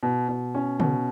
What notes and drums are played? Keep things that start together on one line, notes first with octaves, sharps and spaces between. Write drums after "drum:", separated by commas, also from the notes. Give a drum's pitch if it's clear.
B2
B2
C#4
B2, drum: tom